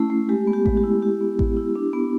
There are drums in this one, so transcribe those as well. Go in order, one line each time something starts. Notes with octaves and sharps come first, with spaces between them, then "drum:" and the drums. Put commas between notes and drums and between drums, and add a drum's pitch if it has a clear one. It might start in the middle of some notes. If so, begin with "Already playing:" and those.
Already playing: A3 C#4 E4
A3
G#3 G4
B3
G4
G#3, drum: kick A1
G4
E4
E4 G4
B3
B3, drum: kick A1
E4
D4
B3